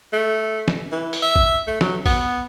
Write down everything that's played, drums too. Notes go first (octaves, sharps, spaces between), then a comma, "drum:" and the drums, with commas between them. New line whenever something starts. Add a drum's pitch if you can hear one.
A3
drum: snare
E3
drum: open hi-hat
E5
drum: kick G#1
A3
F#3, drum: snare
B3, drum: kick G#1, open hi-hat